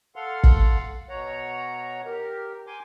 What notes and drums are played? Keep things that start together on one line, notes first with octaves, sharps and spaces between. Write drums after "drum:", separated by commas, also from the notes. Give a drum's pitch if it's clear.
A4 F5 F#5 C6 F6
drum: kick
B2 C#5 F#5 A#5
G4 A#4
G5 G#5 C6 D6